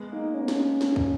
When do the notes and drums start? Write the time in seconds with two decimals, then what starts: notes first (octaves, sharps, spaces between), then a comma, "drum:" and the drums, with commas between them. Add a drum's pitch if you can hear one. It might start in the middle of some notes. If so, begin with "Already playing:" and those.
Already playing: G#3 B3
0.12 A#3 D#4
0.34 C#4
0.41 B3
0.48 C#4, drum: snare
0.81 drum: snare
0.96 drum: kick